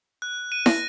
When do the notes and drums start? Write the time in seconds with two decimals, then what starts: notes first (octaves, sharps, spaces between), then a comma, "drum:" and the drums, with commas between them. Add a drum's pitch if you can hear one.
0.22 F#6
0.52 D#7
0.66 A#6, drum: snare